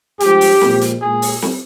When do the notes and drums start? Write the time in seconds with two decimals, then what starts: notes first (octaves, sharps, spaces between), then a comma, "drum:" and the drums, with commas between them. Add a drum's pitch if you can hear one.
0.20 G2 F3 G#3 G4, drum: hi-hat
0.41 drum: open hi-hat
0.61 A#2 F3 G#3, drum: snare
0.81 drum: hi-hat
1.01 A#2 G#3 G#4
1.22 drum: open hi-hat
1.42 drum: snare